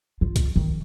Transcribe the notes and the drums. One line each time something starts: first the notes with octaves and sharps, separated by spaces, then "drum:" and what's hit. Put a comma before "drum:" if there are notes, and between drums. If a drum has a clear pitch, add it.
F4
drum: kick, hi-hat
D#3